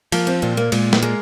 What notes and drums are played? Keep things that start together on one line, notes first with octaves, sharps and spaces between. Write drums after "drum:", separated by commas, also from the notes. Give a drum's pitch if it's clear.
F3 A#3, drum: cymbal
C4
A#2 C4
A#3
A#2 G#3, drum: cymbal
drum: snare
G#3 A#3